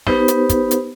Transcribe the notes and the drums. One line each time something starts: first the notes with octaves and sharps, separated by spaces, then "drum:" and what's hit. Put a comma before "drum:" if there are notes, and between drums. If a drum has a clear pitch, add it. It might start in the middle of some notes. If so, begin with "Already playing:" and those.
B3 D#4 G4 B4 C5, drum: snare
drum: hi-hat
drum: kick, hi-hat
drum: hi-hat